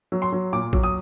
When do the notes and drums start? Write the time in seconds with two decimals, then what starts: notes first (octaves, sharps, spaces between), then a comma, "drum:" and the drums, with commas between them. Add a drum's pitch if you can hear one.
0.12 F#3
0.22 C6
0.32 F#3
0.53 A#2 D6
0.73 F#3, drum: kick
0.83 D#6